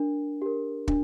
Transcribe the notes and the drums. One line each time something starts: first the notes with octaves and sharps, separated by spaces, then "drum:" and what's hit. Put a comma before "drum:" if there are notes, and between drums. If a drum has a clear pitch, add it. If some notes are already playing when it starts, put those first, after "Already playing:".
Already playing: D4 A#4
G4 A#4
D4, drum: kick